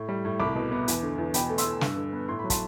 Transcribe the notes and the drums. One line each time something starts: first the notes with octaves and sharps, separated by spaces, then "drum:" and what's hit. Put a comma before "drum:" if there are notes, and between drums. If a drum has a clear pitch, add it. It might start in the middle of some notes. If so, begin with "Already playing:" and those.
Already playing: A2
G3
A2
C2 B5 D6
B2
B3
E2, drum: hi-hat
D3
E2
B2 G5 B5, drum: hi-hat
A3
C6 E6, drum: hi-hat
A3
G2, drum: snare
D3
B3
A2 C6
F#3 B5
A5 C6, drum: kick, hi-hat